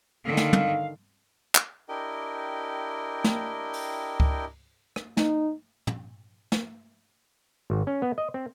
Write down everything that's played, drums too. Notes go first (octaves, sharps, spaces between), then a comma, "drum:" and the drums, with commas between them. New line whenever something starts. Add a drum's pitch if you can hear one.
D3 D#3 F5
drum: snare
drum: tom
drum: clap
D4 E4 G4 A#4 D#5 G5
drum: snare
drum: open hi-hat
drum: kick C#2
drum: rim click
D#4, drum: snare
drum: tom
drum: snare
G#1
C#4
B3
D#5
C4